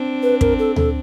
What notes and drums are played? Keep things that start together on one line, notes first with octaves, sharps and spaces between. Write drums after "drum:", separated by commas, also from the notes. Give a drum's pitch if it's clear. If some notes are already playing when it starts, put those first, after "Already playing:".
Already playing: C4 D4
B4
A#4, drum: kick
A4
A4, drum: tom D2